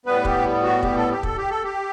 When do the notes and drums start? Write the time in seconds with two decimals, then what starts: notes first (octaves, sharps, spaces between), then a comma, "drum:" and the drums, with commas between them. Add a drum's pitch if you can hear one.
0.06 A2 G3 B3 B4
0.25 G4, drum: kick
0.63 F#4
0.83 G4, drum: kick
0.96 A4
1.10 G4
1.23 A4, drum: kick
1.37 G4
1.50 A4
1.63 G4